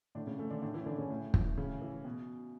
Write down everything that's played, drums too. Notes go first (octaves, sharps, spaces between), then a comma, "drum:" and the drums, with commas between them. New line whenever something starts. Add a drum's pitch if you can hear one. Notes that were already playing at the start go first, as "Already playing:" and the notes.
A2 D3 D4
C#3 C#4
E3 A3
D3 D4
A2 D3 D4
E3 E4
C#4
D3 E3 D4
C#3 C#4
A2
E3, drum: kick
A2 C#3 C#4
E3
B2